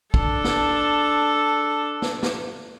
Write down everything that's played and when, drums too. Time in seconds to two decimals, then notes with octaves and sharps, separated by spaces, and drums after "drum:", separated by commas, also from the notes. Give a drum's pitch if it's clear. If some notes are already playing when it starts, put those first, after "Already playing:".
0.14 D4 A4, drum: kick
0.44 drum: snare
2.02 drum: snare
2.23 drum: snare